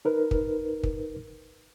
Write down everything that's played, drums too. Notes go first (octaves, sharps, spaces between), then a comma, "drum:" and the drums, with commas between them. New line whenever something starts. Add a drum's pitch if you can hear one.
D#4 A#4 B4
drum: kick
drum: kick